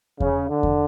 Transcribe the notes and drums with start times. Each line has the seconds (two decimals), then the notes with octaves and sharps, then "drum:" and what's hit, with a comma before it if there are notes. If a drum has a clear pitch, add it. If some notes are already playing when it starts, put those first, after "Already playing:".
0.20 C#3, drum: kick E2
0.49 D3
0.63 drum: kick E2